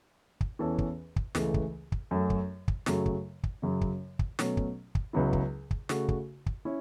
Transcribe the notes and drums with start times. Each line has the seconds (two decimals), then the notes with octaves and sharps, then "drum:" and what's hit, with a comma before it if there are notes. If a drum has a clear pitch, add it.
0.41 drum: kick
0.59 E2 E3 C#4 A4
0.78 drum: kick
1.16 drum: kick
1.35 C#2 C#3 E3 A3, drum: snare
1.54 drum: kick
1.92 drum: kick
2.11 F#2 F#3 A3
2.30 drum: kick
2.68 drum: kick
2.86 F#2 C#3 F#3 A3, drum: snare
3.06 drum: kick
3.43 drum: kick
3.62 F#2 C#3 F#3
3.81 drum: kick
4.19 drum: kick
4.39 B2 F#3 A3 C#4, drum: snare
4.57 drum: kick
4.95 drum: kick
5.13 C#2 C#3 F#3 B3 E4
5.33 drum: kick
5.71 drum: kick
5.89 C#3 A3 F#4, drum: snare
6.09 drum: kick
6.46 drum: kick
6.65 C#4 E4